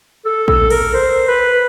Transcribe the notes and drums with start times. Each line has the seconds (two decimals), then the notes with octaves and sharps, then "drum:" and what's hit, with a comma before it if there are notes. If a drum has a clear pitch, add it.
0.25 A4
0.48 A4, drum: kick A#1
0.70 A#4, drum: cymbal
0.94 C5
1.28 B4